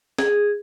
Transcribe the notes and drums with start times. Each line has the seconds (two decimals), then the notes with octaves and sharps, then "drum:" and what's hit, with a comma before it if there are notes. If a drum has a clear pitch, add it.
0.18 G#4, drum: snare